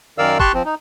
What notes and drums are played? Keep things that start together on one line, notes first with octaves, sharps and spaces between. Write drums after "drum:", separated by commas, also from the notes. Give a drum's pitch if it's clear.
F#2 D#3 A#4 D5 F5 E6
G4 A5 C6 C#6 F#6, drum: kick
F3 C4
D#4